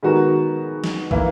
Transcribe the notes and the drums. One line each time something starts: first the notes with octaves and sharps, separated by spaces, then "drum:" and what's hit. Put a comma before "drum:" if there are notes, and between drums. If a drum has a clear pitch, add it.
D#3 G#3 B3 F#4 A#4
drum: snare
E3 A#3 E4 B4, drum: kick